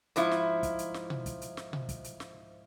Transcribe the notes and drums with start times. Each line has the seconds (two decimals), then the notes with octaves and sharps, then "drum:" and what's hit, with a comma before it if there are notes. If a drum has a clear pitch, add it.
0.16 G#2 F3 E4, drum: hi-hat
0.31 drum: snare
0.63 drum: kick, hi-hat
0.79 drum: hi-hat
0.94 drum: snare
1.10 drum: tom B2
1.26 drum: kick, hi-hat
1.41 drum: hi-hat
1.57 drum: snare
1.73 drum: tom B2
1.89 drum: kick, hi-hat
2.04 drum: hi-hat
2.20 drum: snare